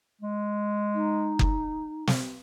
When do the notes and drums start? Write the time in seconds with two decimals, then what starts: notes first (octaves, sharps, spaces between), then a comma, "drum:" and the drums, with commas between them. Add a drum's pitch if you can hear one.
0.21 G#3
0.94 D#4
1.39 drum: kick F#1
2.07 drum: snare